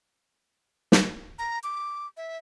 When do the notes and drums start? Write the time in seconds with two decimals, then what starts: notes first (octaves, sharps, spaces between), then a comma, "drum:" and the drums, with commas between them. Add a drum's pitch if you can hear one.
0.92 drum: snare
1.39 A#5
1.64 D6
2.17 E5